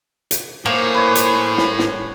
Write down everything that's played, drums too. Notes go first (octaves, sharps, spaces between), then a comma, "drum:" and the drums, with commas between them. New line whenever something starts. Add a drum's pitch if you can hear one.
drum: hi-hat
A2 A#3 C5 G#5
B4 C#5
drum: hi-hat
drum: snare
drum: snare